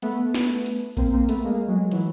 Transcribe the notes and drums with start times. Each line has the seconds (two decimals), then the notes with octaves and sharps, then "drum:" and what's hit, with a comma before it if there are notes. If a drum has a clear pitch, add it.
0.02 A3 B3, drum: hi-hat
0.34 drum: snare
0.66 drum: hi-hat
0.97 A#3 C4, drum: kick A#1, hi-hat
1.13 A#3 C4
1.29 A3 B3, drum: hi-hat
1.45 G#3 A#3
1.68 F#3 G#3
1.91 E3 F#3, drum: hi-hat